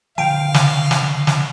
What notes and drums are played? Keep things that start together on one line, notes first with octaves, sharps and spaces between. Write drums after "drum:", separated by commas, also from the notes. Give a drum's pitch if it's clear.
D3 F3 F5 G5
drum: snare
drum: snare
drum: snare